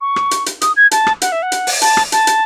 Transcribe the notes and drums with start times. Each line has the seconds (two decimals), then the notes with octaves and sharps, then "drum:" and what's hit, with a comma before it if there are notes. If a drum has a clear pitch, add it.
0.01 C#6
0.16 drum: rim click
0.31 drum: hi-hat
0.46 drum: hi-hat
0.61 D#6, drum: hi-hat
0.76 G#6
0.91 A5, drum: hi-hat
1.07 drum: rim click
1.22 F#5, drum: hi-hat
1.32 E5
1.42 F#5
1.52 drum: hi-hat
1.67 drum: open hi-hat
1.81 A5, drum: hi-hat
1.97 drum: rim click
2.12 A5, drum: hi-hat
2.27 drum: hi-hat